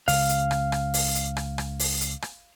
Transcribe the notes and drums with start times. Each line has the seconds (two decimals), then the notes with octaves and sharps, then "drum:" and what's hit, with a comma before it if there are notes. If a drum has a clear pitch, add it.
0.08 C#2 C#3 F5, drum: open hi-hat
0.29 drum: hi-hat
0.51 drum: rim click
0.72 drum: rim click
0.94 drum: open hi-hat
1.15 drum: hi-hat
1.37 drum: rim click
1.58 drum: rim click
1.79 drum: open hi-hat
2.01 drum: hi-hat
2.22 drum: rim click